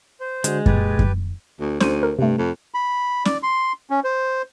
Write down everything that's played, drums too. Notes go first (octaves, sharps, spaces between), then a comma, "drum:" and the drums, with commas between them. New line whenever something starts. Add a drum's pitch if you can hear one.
C5
D3 G#3 D4 F#4, drum: hi-hat
A#2 G4 B4 G#6 A6, drum: kick F#2
drum: kick F#2
D2
D2 C5 D#7, drum: snare C#4
A#4
G2 C3 A3
F2
B5
D5, drum: snare C#4
C6
C#4
C5